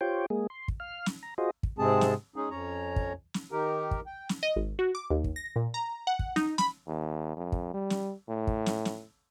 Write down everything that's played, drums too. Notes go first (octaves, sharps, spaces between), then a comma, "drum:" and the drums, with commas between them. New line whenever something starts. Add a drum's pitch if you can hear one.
F4 G4 C5 C#5 G5
G#3 A#3 G#4
C6
drum: kick
F5 F6
drum: snare
A#5
F4 F#4 G#4 C5 D#5
drum: kick
G#2 C3 G#3 C4 G#4 A5
drum: snare
G#3 C#4 D#4 G#4
F2 C#4 C#5 A#5
drum: kick
drum: snare
D#3 D#4 G4 A#4
drum: kick
G5
drum: snare
D#5
G#1
F#4
D6
D#2
drum: kick
A#6
A#2
A#5
F#5
drum: kick
D#4, drum: snare
B5, drum: snare
D#2
F2
drum: kick
G3
drum: snare
A2
drum: kick
drum: snare
drum: snare